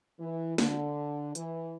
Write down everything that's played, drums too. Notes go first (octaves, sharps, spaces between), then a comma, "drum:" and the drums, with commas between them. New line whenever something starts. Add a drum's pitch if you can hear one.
E3
D3, drum: snare
E3, drum: hi-hat